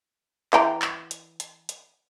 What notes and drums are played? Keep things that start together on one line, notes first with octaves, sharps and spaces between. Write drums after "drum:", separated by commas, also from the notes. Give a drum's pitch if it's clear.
E3 G5 A#5, drum: clap
drum: clap
drum: hi-hat
drum: hi-hat
drum: hi-hat